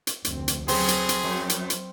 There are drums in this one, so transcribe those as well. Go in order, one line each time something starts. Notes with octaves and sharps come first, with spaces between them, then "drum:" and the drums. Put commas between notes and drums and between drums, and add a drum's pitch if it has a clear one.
drum: hi-hat
F1 D2 C4, drum: hi-hat
drum: hi-hat
C#3 F#3 B3 C4 G#4, drum: open hi-hat
drum: hi-hat
drum: hi-hat
F2
drum: hi-hat
drum: hi-hat